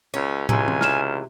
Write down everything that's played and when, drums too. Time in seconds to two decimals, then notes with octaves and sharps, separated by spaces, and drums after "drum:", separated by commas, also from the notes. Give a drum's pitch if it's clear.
0.14 C#2 C#4
0.49 C#2 C3 E3 G#5, drum: tom
0.68 drum: tom
0.81 F6 E7, drum: snare